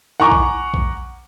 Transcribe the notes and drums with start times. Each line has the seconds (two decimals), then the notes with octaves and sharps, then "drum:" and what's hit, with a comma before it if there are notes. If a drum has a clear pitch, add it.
0.20 F#5 G#5 A#5 C#6 D6
0.32 drum: kick A#1
0.74 drum: kick A#1